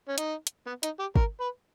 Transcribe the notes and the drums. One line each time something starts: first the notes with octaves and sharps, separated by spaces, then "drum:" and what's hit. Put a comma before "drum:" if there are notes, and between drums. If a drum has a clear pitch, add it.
C#4
D#4, drum: hi-hat
drum: hi-hat
B3
D#4, drum: hi-hat
G4
A#4, drum: kick
B4